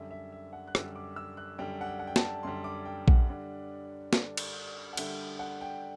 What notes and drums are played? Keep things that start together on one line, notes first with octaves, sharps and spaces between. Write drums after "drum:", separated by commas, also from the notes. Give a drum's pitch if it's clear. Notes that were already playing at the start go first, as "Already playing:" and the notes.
Already playing: F#2 D3 G3 E5
E5
E5
F#5
F#6
F#2 D3 G3 E6, drum: rim click
D6
E6
F#6
F#2 D3 G3 G5
F#5
G5
F#5
G5
A5, drum: snare
F#2 D3 G3 C6
D6
G5
F#5, drum: kick A#1
D3 G3 D4
D3 G3 D4, drum: snare
drum: cymbal
F#5
D3 G3 D4 E5, drum: cymbal
F#5
G5